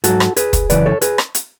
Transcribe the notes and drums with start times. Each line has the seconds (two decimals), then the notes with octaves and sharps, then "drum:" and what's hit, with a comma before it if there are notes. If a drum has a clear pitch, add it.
0.04 G#2 F#3 F#4 A4, drum: hi-hat
0.20 drum: rim click
0.37 G#4 B4, drum: hi-hat
0.53 drum: kick, hi-hat
0.70 F#2 C#3 E3 B4 D5, drum: hi-hat
0.86 A4 C#5
1.02 G#4 B4, drum: hi-hat
1.18 drum: rim click
1.35 drum: hi-hat